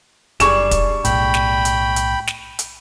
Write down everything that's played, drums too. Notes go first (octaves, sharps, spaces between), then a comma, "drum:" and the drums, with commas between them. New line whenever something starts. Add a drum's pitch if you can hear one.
F#1 G3 D4 G#4 C#6 E7, drum: hi-hat
drum: kick, hi-hat
B1 A2 G5 B5, drum: hi-hat
drum: snare
drum: hi-hat
drum: hi-hat
drum: snare
drum: hi-hat